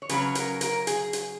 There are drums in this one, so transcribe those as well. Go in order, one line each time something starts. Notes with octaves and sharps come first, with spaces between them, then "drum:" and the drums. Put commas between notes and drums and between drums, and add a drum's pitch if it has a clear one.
C#5
C#3 F#3 C#4 B4, drum: hi-hat
A#4, drum: hi-hat
A#4, drum: hi-hat
G#4, drum: hi-hat
drum: hi-hat